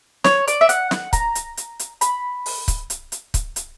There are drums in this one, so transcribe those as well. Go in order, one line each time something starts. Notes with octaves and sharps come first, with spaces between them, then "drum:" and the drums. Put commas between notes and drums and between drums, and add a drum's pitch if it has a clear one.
C#5, drum: snare
D5, drum: hi-hat
E5
F#5, drum: hi-hat
F#5, drum: snare
A#5, drum: kick C#1, hi-hat
drum: hi-hat
drum: hi-hat
drum: hi-hat
B5, drum: hi-hat
drum: open hi-hat
drum: kick C#1, hi-hat
drum: hi-hat
drum: hi-hat
drum: kick C#1, hi-hat
drum: hi-hat